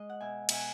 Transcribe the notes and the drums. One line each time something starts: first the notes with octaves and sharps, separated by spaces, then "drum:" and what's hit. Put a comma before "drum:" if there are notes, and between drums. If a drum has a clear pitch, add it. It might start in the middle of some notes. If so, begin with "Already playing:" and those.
Already playing: G#3 D#5
F#5
B2 E5 G#5
B2 E5 G#5, drum: cymbal